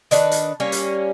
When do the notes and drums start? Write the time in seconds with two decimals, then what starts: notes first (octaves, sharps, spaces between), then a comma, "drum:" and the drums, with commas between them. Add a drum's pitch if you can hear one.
0.11 D#3 D4 B4, drum: hi-hat
0.31 drum: hi-hat
0.60 G3 A#3 C#4 C#5
0.72 drum: hi-hat